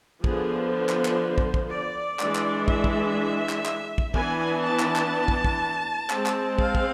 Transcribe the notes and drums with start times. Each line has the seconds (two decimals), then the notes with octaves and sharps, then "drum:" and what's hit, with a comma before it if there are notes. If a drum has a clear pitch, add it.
0.24 D3 F3 B3 G#4, drum: kick
0.73 C5
0.89 drum: clap
1.05 drum: clap
1.38 drum: kick
1.54 drum: kick
1.70 D5
2.19 E3 G#3 D4, drum: clap
2.35 drum: clap
2.68 E5, drum: kick
2.84 drum: kick
3.49 drum: clap
3.66 drum: clap
3.98 drum: kick
4.14 E3 B3 D4 G#5, drum: kick
4.63 A5
4.79 drum: clap
4.96 drum: clap
5.28 drum: kick
5.45 drum: kick
6.10 G#3 C4, drum: clap
6.26 drum: clap
6.59 F5, drum: kick
6.75 drum: kick